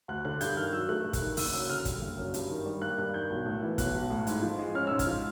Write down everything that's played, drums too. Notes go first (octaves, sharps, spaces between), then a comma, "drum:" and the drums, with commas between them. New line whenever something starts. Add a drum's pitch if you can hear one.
D2 F#6
D3 F#6
G2 G6, drum: hi-hat
D#3 F6
F#3 E6
A3 F#6
G2
F#6, drum: kick, hi-hat
D#3
F#1 E6, drum: open hi-hat
F#2 E6
D3 F6
G3, drum: kick, hi-hat
F#1
F#2
G2, drum: hi-hat
D#3
G3
A#3 F#6
G2 F#6
D#3 G6
B1
A2
E3
B1 F#6, drum: kick, hi-hat
B1
A2
G#2, drum: hi-hat
F3
G#3
C#4 F6
G#2 E6
F6, drum: kick, hi-hat
F3